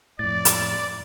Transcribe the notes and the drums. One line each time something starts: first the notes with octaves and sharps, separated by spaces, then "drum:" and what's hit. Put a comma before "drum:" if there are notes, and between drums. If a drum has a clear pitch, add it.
F2 A2 D5 A6
drum: hi-hat